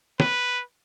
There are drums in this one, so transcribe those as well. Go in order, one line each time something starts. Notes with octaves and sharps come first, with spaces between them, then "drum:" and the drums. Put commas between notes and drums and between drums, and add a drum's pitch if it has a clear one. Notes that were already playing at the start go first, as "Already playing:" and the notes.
B4, drum: snare